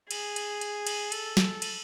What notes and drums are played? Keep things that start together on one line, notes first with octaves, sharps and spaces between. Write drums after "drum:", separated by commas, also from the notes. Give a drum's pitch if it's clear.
G#4, drum: cymbal
drum: cymbal
drum: cymbal
drum: cymbal
A4, drum: cymbal
drum: snare
drum: cymbal